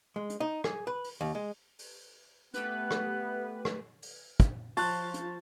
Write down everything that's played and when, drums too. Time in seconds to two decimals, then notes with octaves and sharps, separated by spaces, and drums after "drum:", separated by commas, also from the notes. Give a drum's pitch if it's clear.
0.16 G#3
0.30 drum: hi-hat
0.40 D#4
0.64 G#4, drum: rim click
0.87 B4
1.04 drum: open hi-hat
1.21 D#2
1.35 G#3
1.79 drum: open hi-hat
2.54 A3 B3 G4 B4 F#6, drum: hi-hat
2.91 drum: rim click
3.65 drum: rim click
4.02 drum: open hi-hat
4.40 drum: kick, hi-hat
4.77 F3 F4 A5 C#6 F#6, drum: open hi-hat
5.14 drum: hi-hat